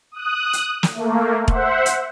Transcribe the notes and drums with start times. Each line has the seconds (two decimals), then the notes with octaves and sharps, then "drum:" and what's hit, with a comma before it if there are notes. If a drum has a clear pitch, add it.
0.12 D#6 F#6
0.53 drum: hi-hat
0.83 drum: snare
0.94 A3 A#3
1.48 C5 E5 F#5, drum: kick E1
1.86 drum: hi-hat